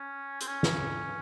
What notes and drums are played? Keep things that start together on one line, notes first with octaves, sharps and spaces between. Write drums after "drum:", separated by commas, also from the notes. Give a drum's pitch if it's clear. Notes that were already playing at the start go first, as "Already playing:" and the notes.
Already playing: C#4
C4, drum: hi-hat
C#4
drum: snare